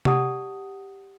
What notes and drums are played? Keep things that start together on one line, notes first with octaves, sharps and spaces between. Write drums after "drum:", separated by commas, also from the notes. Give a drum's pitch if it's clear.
G4 D5 F#5 A5 D#6, drum: tom C3